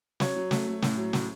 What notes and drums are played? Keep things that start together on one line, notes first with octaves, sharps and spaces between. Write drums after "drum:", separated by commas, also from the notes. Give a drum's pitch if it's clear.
F#3 C#5, drum: snare
F#3
A3, drum: snare
A3
A2, drum: snare
F#3
A2, drum: snare